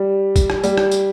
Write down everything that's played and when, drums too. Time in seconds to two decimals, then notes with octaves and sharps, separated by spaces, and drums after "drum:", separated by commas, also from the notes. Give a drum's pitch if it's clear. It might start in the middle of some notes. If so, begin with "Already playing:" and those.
Already playing: G3
0.36 drum: kick, tambourine
0.50 drum: rim click
0.64 G3, drum: tambourine
0.78 drum: rim click
0.91 drum: tambourine